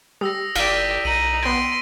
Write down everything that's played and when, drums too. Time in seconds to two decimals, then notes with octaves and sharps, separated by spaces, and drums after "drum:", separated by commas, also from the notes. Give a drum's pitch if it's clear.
0.21 G3 D#6 E6 A#6
0.56 F#1 G4 D5 F5 E6 B6 D7, drum: cymbal
1.05 B1 D#4 D#7 F#7
1.43 B3 G5 C6 D7